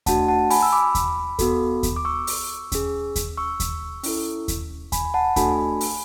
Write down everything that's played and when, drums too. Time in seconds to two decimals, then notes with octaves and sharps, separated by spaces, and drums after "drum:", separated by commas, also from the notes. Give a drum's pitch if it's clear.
0.06 A3 D4 F#4 F#5 A5, drum: kick D#2, hi-hat
0.28 F#5 A5
0.50 G#5 B5, drum: open hi-hat
0.63 E6
0.72 B5 D6
0.95 drum: kick D#2, hi-hat
1.39 B3 F#4 A4, drum: kick D#2, hi-hat
1.83 drum: kick D#2, hi-hat
1.96 D6
2.05 C#6 E6
2.27 drum: open hi-hat
2.72 C#4 G#4, drum: kick D#2, hi-hat
3.16 drum: kick D#2, hi-hat
3.37 C#6 E6
3.60 drum: kick D#2, hi-hat
4.03 C#4 E4 A4, drum: open hi-hat
4.48 drum: kick D#2, hi-hat
4.92 G#5 B5, drum: kick D#2, hi-hat
5.04 B5
5.14 F#5 A5
5.36 A3 D4 F#4 A4 G#5 B5, drum: kick D#2, hi-hat
5.81 drum: open hi-hat